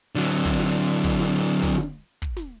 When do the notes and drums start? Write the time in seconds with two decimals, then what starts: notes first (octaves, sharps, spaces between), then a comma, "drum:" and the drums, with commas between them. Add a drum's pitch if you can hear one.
0.15 D3 F#3
0.45 drum: kick
0.60 drum: snare
1.04 drum: kick
1.19 drum: snare
1.63 drum: kick
1.78 drum: snare
2.22 drum: kick
2.37 drum: snare